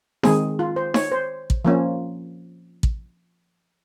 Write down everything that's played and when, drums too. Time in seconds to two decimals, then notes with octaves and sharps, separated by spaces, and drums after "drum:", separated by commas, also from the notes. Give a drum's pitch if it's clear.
0.23 D#3 G#3 C4 G#4, drum: snare D#4
0.59 F4
0.76 C5
0.94 C#5, drum: snare D#4
1.12 C5
1.50 drum: kick
1.65 F3 A#3 C#4
2.83 drum: kick